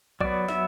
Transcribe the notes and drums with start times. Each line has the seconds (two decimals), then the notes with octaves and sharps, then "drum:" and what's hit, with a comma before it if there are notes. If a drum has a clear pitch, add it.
0.21 F#3 B3 D5, drum: kick B1
0.49 E5, drum: snare